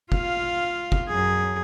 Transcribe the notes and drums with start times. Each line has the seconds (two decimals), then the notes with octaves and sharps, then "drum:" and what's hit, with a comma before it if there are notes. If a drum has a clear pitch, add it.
0.12 F4 F5, drum: kick
0.92 drum: kick
1.09 F#2 G#4